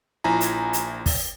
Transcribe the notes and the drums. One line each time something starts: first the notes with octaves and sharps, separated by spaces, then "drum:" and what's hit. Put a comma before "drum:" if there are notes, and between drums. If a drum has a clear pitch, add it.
A#1 F3 E4 G#5 A#5
drum: hi-hat
drum: hi-hat
drum: kick, open hi-hat